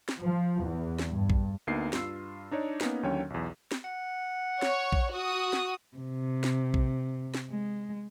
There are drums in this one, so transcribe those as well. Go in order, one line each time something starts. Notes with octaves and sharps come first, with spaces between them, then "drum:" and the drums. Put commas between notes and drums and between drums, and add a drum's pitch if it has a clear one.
drum: snare
F3
E2
drum: snare
G2
drum: kick A#1
D2 A#3 B3 D#4 C7
G2 F4 E6, drum: snare
D4 D#4 C#5 D5
A#3 B3 C#4 D#4, drum: snare
D#2 D3 F#3 C#4 C#5 G5
B1 E2
drum: snare
F#5
C#5, drum: snare
drum: kick A#1
F#4 D#6
drum: snare
C3
drum: snare
drum: kick A#1
drum: snare
G#3